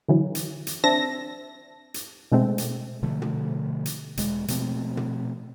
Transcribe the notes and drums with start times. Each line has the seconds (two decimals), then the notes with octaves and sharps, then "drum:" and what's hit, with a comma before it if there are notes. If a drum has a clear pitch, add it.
0.08 D3 E3 F#3
0.35 drum: hi-hat
0.67 drum: hi-hat
0.84 C4 D4 E5 A5 A#6
1.94 drum: hi-hat
2.32 B2 G#3 A3 C4
2.58 drum: hi-hat
3.03 B2 D3 F3 A3
3.22 drum: tom
3.86 drum: hi-hat
4.17 E1 G#3, drum: hi-hat
4.48 B2 F3 A3 C4, drum: hi-hat
4.97 drum: tom